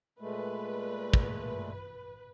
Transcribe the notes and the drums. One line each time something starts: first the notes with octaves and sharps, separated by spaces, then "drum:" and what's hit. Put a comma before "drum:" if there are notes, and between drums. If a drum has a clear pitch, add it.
A#2 G#3 A3 B4
drum: kick